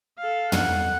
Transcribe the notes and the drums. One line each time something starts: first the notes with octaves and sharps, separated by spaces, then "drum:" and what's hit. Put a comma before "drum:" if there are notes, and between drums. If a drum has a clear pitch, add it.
A4 F5
F#5, drum: tom